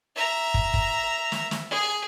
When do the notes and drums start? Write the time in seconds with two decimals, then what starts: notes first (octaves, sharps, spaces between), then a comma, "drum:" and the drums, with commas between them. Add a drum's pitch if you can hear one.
0.16 E5 A#5
0.54 drum: kick
0.74 drum: kick
1.32 drum: snare
1.51 drum: snare
1.69 G#4